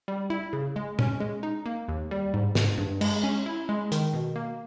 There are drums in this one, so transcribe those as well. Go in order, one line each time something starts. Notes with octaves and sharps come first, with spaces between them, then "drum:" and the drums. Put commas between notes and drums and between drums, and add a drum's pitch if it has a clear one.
G3
E4
C#3
G#3
C#4, drum: tom
G#3
D#4
A#3
D#2
G3
G#2
G#2, drum: snare
G2
G#3, drum: cymbal
C#4
E4
G#3
D#3, drum: hi-hat
B2
A#3